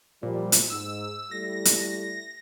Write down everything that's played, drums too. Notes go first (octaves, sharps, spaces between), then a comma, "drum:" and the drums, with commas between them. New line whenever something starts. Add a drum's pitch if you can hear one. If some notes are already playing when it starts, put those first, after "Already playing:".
A#2 F3 G3
drum: hi-hat
G#2 E6
G3 A3 E4 A#6
drum: hi-hat